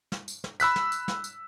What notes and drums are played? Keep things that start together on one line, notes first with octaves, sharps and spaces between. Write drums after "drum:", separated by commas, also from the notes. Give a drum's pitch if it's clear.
drum: snare
drum: tambourine
drum: snare
B5 E6 F#6 B6, drum: tambourine
drum: snare
drum: tambourine
drum: snare
drum: tambourine